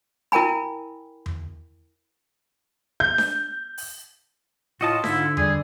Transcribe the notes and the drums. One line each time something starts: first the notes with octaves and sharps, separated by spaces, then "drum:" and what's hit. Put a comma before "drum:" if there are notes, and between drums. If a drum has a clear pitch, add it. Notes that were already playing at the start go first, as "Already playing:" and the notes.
E4 A#4 G5 G#5 B5
drum: tom E2
G6
drum: snare D4
drum: open hi-hat
A2 F4 F#4 D#5 A5
G#2 D3 E4 A4, drum: snare D4
G3 G#4, drum: tom E2